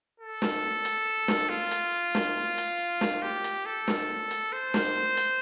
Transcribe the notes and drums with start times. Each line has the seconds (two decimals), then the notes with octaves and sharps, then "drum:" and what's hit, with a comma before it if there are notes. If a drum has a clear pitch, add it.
0.20 A4
0.42 drum: snare
0.85 drum: hi-hat
1.28 drum: snare
1.49 F4
1.71 drum: hi-hat
2.15 drum: snare
2.58 drum: hi-hat
3.01 drum: snare
3.22 G4
3.44 drum: hi-hat
3.66 A4
3.88 drum: snare
4.31 drum: hi-hat
4.53 C5
4.74 drum: snare
5.17 drum: hi-hat